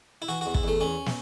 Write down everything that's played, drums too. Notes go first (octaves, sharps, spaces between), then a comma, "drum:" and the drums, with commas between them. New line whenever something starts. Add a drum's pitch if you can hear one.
E4
E3 F#4
E2 F#4
E4, drum: kick
E2 A3
E2 C#4
drum: snare